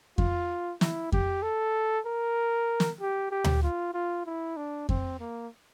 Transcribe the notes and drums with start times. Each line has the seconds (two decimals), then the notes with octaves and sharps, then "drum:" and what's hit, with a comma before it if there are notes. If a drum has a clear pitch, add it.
0.18 F4, drum: kick F2
0.81 E4, drum: snare
1.12 G4, drum: kick F2
1.43 A4
2.06 A#4
2.80 drum: snare
3.01 G4
3.31 G4
3.44 drum: tom D2
3.63 F4
3.94 F4
4.26 E4
4.57 D4
4.89 C4, drum: kick F2
5.20 A#3